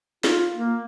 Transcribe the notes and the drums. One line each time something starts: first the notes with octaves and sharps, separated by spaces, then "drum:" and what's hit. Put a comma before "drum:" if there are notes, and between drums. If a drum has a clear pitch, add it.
F4, drum: snare
A#3